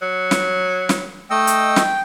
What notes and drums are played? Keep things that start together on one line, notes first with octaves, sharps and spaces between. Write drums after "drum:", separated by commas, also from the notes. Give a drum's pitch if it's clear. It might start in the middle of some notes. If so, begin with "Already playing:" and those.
F#3
drum: snare
drum: snare
A3 D#4 D#5 G5 E6
drum: hi-hat
drum: snare